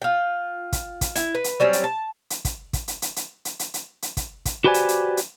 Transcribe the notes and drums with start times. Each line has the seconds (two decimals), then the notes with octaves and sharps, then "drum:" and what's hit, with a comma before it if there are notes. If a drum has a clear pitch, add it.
0.02 F4 G5
0.73 drum: kick, hi-hat
1.01 drum: kick, hi-hat
1.16 E4, drum: hi-hat
1.35 B4
1.44 drum: hi-hat
1.60 F#3 G3 C4 C#4
1.73 drum: hi-hat
1.84 A5
2.30 drum: hi-hat
2.45 drum: kick, hi-hat
2.73 drum: kick, hi-hat
2.88 drum: hi-hat
3.02 drum: hi-hat
3.16 drum: hi-hat
3.45 drum: hi-hat
3.59 drum: hi-hat
3.74 drum: hi-hat
4.02 drum: hi-hat
4.17 drum: kick, hi-hat
4.45 drum: kick, hi-hat
4.64 F#4 G4 B4 C5 D5 G#5
4.74 drum: hi-hat
4.88 drum: hi-hat
5.17 drum: hi-hat